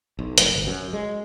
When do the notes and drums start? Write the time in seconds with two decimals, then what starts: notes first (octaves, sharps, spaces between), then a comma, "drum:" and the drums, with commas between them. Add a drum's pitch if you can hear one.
0.19 B1
0.38 F1, drum: hi-hat
0.54 G1
0.67 F#2
0.93 G#3